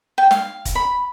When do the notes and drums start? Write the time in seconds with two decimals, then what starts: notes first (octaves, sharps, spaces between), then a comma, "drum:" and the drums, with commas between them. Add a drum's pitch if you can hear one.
0.18 G5
0.31 F5, drum: snare
0.65 drum: kick E1, hi-hat
0.75 B5